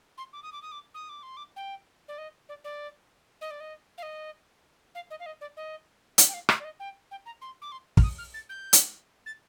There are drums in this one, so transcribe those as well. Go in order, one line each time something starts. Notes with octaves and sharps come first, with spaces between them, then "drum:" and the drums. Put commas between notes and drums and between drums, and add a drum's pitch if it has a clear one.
C6
D6
D#6
D6
D#6
D6
D#6
D6
C6
D6
G5
D5
D#5
D5
D5
D#5
D5
D#5
F5
D#5
F5
D#5
F5
D#5
D5
D#5
F5, drum: hi-hat
G5
F5
D#5, drum: rim click
D5
D#5
G5
G5
A#5
C6
D6
C6
F6, drum: kick
D#6
F6
A6
G6
drum: hi-hat
A6